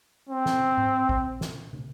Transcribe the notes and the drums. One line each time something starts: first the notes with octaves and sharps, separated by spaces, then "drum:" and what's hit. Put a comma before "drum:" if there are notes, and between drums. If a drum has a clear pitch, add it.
C4
drum: snare
drum: tom G#2
drum: kick A1
drum: snare
drum: tom